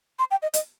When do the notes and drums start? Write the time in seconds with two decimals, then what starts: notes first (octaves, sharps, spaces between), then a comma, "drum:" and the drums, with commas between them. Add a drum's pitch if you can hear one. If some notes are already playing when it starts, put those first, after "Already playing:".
0.19 C6
0.31 G5
0.42 D#5
0.54 D#5, drum: hi-hat